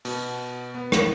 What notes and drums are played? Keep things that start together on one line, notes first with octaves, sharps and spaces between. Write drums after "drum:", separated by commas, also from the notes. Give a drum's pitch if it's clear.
B2, drum: open hi-hat
B3
drum: rim click